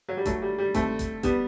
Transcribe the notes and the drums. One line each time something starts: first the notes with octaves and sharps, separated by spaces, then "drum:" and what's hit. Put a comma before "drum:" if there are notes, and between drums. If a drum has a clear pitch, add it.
F#3
G3
F#3 A3, drum: kick F1, hi-hat
G3
G3
A3 C4, drum: kick F1, hi-hat
drum: kick F1, hi-hat
G3 B3, drum: kick F1, hi-hat